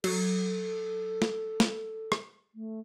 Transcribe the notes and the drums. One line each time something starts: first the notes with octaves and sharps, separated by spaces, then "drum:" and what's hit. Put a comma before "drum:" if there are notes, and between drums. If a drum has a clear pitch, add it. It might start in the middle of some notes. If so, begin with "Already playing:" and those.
F#3 A4, drum: cymbal
drum: snare
drum: snare
drum: rim click
A3